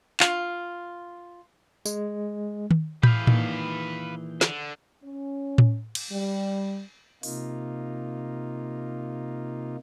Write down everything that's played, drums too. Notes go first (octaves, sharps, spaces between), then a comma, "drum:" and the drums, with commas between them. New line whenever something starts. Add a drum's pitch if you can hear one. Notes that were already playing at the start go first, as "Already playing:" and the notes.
F4, drum: clap
G#3, drum: tambourine
drum: tom D#3
E3 G#4 B4 F5 G6, drum: tom A2
A#2 D#3, drum: tom A2
D3, drum: snare
C#4
drum: tom A2
drum: cymbal
G3
C3 A#3 D#4 F4, drum: open hi-hat